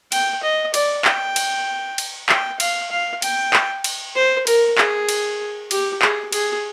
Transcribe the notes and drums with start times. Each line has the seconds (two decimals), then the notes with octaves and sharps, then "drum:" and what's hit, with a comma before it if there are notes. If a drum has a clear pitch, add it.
0.12 G5, drum: cymbal
0.43 D#5
0.74 D5, drum: cymbal
1.05 G5, drum: clap
1.36 drum: cymbal
1.98 drum: cymbal
2.29 G5, drum: clap
2.60 F5, drum: cymbal
2.91 F5
3.22 G5, drum: cymbal
3.53 drum: clap
3.84 drum: cymbal
4.15 C5
4.47 A#4, drum: cymbal
4.78 G#4, drum: clap
5.09 drum: cymbal
5.71 G4, drum: cymbal
6.02 G#4, drum: clap
6.33 G#4, drum: cymbal